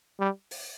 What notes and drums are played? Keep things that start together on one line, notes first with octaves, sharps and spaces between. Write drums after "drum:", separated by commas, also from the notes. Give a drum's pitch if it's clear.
G3
drum: open hi-hat